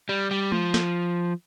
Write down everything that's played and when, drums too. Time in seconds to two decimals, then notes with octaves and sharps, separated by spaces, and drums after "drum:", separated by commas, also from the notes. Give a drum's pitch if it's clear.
0.09 G3
0.31 G3
0.52 F3, drum: tom G#3
0.74 drum: snare